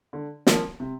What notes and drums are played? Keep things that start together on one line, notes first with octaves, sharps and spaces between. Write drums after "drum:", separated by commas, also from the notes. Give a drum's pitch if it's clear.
D3
F3 A#3, drum: snare
C3